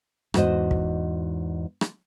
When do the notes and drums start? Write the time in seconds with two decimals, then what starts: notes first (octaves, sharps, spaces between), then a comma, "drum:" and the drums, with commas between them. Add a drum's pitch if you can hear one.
0.34 E2 G#2 F#4 C5 D#5, drum: rim click
0.71 drum: kick
1.81 drum: rim click